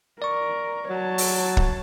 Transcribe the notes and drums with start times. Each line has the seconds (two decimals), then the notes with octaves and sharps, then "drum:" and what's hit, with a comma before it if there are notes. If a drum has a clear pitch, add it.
0.22 A#4 D5 C#6
0.90 F#3 C#5 A5
1.18 drum: open hi-hat
1.57 drum: kick